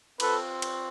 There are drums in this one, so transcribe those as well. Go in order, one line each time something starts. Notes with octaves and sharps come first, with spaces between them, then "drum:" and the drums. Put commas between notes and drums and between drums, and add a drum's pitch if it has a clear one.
C4 F4 A4 B4, drum: cymbal
drum: cymbal